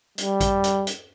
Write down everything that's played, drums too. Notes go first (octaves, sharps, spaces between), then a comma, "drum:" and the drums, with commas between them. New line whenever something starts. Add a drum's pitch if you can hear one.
G3, drum: hi-hat
drum: kick A1, hi-hat
drum: hi-hat
drum: hi-hat